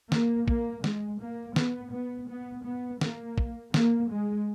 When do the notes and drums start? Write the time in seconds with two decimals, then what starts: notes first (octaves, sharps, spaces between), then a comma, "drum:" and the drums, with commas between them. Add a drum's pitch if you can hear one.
0.12 A#3, drum: snare
0.48 A#3, drum: kick
0.84 G#3, drum: snare
1.21 A#3
1.56 B3, drum: snare
1.92 B3
2.29 B3
2.65 B3
3.01 A#3, drum: snare
3.38 drum: kick
3.74 A#3, drum: snare
4.11 G#3